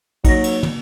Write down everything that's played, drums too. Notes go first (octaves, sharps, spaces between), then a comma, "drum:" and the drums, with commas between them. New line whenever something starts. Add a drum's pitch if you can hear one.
F#3 A#3 D#4 A#6, drum: kick, cymbal
drum: cymbal
drum: tom